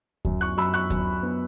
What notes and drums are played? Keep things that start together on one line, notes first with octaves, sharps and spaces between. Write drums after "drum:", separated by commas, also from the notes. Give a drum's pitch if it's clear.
F#2, drum: kick D2
C#6 F#6
F#2 B5 E6
C#6 F#6
F#2, drum: kick D2, hi-hat
B3